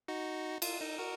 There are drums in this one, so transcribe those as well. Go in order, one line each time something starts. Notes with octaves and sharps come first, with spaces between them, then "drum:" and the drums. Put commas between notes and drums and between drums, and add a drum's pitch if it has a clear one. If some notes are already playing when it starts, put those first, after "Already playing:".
D#4 F#4
F4, drum: cymbal
D#4
F#4 A#4